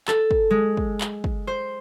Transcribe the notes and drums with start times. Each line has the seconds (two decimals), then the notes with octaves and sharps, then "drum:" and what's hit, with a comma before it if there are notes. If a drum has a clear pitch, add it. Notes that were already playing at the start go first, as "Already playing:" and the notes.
0.08 A4, drum: clap
0.31 drum: kick
0.51 G#3
0.77 drum: kick
1.01 drum: clap
1.24 drum: kick
1.47 C5